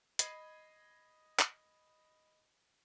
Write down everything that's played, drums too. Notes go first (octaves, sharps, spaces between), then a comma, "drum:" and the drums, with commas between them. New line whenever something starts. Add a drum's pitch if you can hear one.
D#5 B5 G#6 C7 D#7, drum: hi-hat
drum: clap